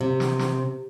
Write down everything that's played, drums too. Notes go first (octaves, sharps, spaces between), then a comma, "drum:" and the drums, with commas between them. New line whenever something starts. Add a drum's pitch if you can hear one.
C3
drum: snare
drum: snare